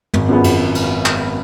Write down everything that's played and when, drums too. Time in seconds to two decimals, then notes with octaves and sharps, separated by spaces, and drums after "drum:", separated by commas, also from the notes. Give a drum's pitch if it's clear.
0.14 G#1, drum: tom
0.29 F#2 F3 G#3 B3
0.44 G#1, drum: cymbal
0.75 drum: cymbal
1.06 drum: clap